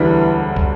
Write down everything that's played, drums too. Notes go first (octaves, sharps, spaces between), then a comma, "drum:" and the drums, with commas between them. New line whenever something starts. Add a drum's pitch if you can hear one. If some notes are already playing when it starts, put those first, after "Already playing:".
Already playing: E1 D2 D3 E3 G3
drum: kick